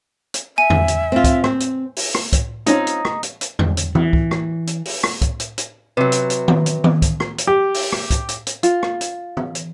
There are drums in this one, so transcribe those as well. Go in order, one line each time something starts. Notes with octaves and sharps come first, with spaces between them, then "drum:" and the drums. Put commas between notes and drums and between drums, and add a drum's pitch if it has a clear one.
drum: hi-hat
E5 G#5 D#7
drum: tom E2
drum: hi-hat
C4 F4
drum: kick, hi-hat
C4, drum: rim click
drum: hi-hat
drum: open hi-hat
drum: rim click
drum: kick, hi-hat
C4 C#4 D#4 F4, drum: hi-hat
drum: hi-hat
drum: rim click
drum: hi-hat
drum: hi-hat
drum: tom E2
drum: hi-hat
E3, drum: tom
drum: kick
drum: rim click
drum: hi-hat
drum: open hi-hat
drum: rim click
drum: kick, hi-hat
drum: hi-hat
drum: hi-hat
C3 F#3 B4
drum: hi-hat
drum: hi-hat
drum: tom D#3
drum: hi-hat
drum: tom D#3
drum: kick, hi-hat
drum: rim click
drum: hi-hat
G4
drum: open hi-hat
drum: rim click
drum: kick, hi-hat
drum: hi-hat
drum: hi-hat
F4, drum: hi-hat
drum: rim click
drum: hi-hat
drum: tom
drum: hi-hat